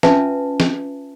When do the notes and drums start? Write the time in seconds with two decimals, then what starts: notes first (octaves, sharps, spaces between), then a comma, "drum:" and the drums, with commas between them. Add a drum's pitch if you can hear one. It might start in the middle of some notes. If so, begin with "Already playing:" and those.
0.03 C#4 F4 B4 E5 G#5 A5, drum: snare
0.60 drum: snare